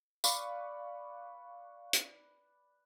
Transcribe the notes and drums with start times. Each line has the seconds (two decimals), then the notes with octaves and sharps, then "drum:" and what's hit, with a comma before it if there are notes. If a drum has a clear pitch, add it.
0.24 B4 D5 F5 C#6, drum: tambourine
1.93 drum: hi-hat